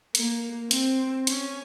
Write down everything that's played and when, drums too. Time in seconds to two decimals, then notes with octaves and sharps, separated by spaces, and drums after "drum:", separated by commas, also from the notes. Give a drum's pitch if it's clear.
0.15 A#3, drum: hi-hat
0.71 C4, drum: hi-hat
1.27 C#4, drum: hi-hat